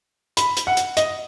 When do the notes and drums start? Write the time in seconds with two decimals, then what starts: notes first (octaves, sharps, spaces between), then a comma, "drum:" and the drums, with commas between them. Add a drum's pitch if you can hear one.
0.37 B5, drum: hi-hat
0.57 drum: hi-hat
0.67 F#5
0.77 drum: hi-hat
0.97 D#5, drum: hi-hat